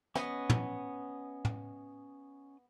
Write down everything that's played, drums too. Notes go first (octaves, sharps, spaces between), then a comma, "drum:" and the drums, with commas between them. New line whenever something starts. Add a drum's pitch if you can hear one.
B3 C#4 D#5, drum: snare
drum: tom
drum: tom